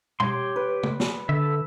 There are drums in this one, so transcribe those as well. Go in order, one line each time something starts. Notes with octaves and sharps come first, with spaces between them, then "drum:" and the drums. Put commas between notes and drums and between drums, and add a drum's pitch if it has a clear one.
G4 C#5 C6, drum: tom
B4
drum: tom
drum: snare
D3 A4 E5